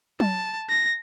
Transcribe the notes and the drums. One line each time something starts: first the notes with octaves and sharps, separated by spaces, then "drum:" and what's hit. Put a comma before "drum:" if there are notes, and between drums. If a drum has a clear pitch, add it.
A5, drum: tom F#3
A#6